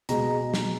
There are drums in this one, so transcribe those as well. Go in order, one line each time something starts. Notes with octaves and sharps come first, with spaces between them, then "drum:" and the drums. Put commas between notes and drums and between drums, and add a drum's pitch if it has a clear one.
B2 G#3 A#5, drum: hi-hat
drum: snare